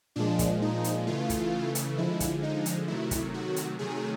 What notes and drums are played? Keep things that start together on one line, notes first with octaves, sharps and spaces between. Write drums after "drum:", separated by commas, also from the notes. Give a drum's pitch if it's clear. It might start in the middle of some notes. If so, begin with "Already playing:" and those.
A#2 F3 G#3 D4
drum: kick, hi-hat
D#4
drum: hi-hat
C#3 E3 A3 F4
drum: kick, hi-hat
drum: hi-hat
D3 F3 G#3 E4
drum: kick, hi-hat
D#4
drum: hi-hat
C3 D#3 F#3 A3 E4
drum: kick, hi-hat
F#4
drum: hi-hat
C3 D#3 F#3 A3 G#4